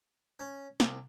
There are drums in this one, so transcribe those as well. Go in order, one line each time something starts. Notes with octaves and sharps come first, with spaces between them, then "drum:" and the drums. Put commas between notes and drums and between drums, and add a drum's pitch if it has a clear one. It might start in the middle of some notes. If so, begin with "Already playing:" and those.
C#4
C2, drum: snare